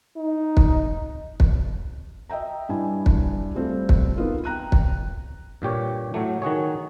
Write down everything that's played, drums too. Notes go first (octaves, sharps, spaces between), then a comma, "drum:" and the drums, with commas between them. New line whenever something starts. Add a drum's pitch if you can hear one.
D#4
drum: kick
drum: kick
D#5 E5 G5 A#5
G2 D4 E4 G#5
drum: kick
G3 A3 C4 F4 A4
drum: kick
B3 D#4 F4 A#4
G5 A#5 F#6 D#7
drum: kick
G2 A#2 G4 C#5
A2 F#3 A3
D#3 F#4 G#4 C#5